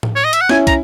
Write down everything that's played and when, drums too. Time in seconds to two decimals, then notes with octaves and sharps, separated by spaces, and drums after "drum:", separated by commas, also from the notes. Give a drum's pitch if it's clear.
0.03 drum: tom A2
0.16 C#5
0.24 D#5
0.33 E5, drum: hi-hat
0.41 F#5
0.49 C#4 E4 G#5, drum: snare
0.67 A#5, drum: kick, hi-hat